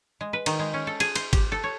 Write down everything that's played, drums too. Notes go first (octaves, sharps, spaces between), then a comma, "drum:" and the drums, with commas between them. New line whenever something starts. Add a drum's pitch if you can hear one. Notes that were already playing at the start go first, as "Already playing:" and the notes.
G#3
B4
D#3, drum: cymbal
G#3
C#4
A4
G#4, drum: cymbal
C5, drum: cymbal
G4, drum: kick G#1, cymbal
A4
C#5